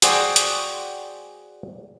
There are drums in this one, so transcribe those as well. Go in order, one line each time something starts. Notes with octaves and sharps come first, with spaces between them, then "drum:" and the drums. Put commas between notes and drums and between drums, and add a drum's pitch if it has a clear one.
F#4 G#4 C5 D5 G5, drum: hi-hat
drum: hi-hat